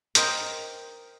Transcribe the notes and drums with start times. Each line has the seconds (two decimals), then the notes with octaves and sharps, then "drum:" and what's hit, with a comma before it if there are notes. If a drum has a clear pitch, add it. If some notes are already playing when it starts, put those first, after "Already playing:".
0.15 A#4 C5 D#5 G5, drum: hi-hat